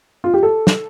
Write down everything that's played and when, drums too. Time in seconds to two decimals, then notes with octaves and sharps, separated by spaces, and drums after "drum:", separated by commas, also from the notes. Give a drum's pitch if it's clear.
0.24 F4
0.34 G4
0.43 A4
0.67 drum: snare